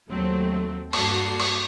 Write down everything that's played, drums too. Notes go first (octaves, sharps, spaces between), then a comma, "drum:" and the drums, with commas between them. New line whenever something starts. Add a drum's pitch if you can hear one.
D#2 F#3 A3 C4
G2 A#3 F#4 A4 C7, drum: cymbal
drum: cymbal